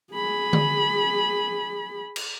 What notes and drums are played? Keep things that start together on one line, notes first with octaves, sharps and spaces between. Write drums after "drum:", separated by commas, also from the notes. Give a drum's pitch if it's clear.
G#4 B5
drum: tom D3
drum: cymbal